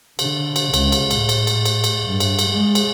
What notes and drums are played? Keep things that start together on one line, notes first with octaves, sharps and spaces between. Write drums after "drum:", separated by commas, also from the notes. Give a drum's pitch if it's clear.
D3, drum: cymbal
drum: cymbal
C#2, drum: cymbal
drum: cymbal
A2, drum: cymbal
drum: cymbal
drum: cymbal
drum: cymbal
drum: cymbal
G2
drum: cymbal
drum: cymbal
G#3
drum: cymbal